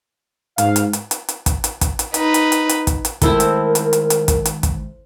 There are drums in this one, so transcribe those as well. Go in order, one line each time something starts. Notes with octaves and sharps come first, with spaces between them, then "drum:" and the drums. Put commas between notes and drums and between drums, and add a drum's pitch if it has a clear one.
G#2 F5, drum: hi-hat
drum: hi-hat
drum: hi-hat
drum: hi-hat
drum: hi-hat
drum: kick, hi-hat
drum: hi-hat
drum: kick, hi-hat
drum: hi-hat
D#4 B4, drum: hi-hat
drum: hi-hat
drum: hi-hat
drum: hi-hat
drum: kick, hi-hat
drum: hi-hat
D#3 G#3 A3 C4 E4 A4 A#4, drum: kick, hi-hat
drum: hi-hat
drum: hi-hat
drum: hi-hat
drum: hi-hat
drum: kick, hi-hat
drum: hi-hat
drum: kick, hi-hat